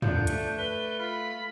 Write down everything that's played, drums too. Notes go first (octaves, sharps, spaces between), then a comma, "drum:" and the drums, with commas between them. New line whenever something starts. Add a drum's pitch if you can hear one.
D3 F3 D4 G6, drum: tom
A3, drum: hi-hat
B4 G7
F4 B5